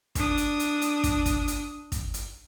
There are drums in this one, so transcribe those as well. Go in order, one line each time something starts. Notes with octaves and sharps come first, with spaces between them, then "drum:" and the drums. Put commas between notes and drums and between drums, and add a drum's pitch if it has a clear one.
D4 D#6, drum: kick, hi-hat
drum: hi-hat
drum: hi-hat
drum: hi-hat
drum: kick, hi-hat
drum: kick, hi-hat
drum: hi-hat
drum: kick, hi-hat
drum: hi-hat